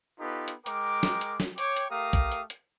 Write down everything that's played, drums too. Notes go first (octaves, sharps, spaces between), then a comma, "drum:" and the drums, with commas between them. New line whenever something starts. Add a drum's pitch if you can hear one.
B3 D#4 F4 G4 A4 B4
drum: hi-hat
G#3 A#4 G5 D6, drum: hi-hat
drum: snare
drum: hi-hat
drum: snare
C#5 G5 D6, drum: hi-hat
drum: hi-hat
A3 G4 A#4 F5 A#5 D#6
drum: kick, hi-hat
drum: hi-hat
drum: hi-hat